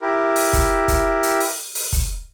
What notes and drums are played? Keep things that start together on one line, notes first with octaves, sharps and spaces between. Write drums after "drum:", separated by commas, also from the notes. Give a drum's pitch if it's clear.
E4 G4 A#4
drum: open hi-hat
drum: kick, hi-hat
drum: kick, hi-hat
drum: hi-hat
drum: open hi-hat
drum: open hi-hat
drum: kick, hi-hat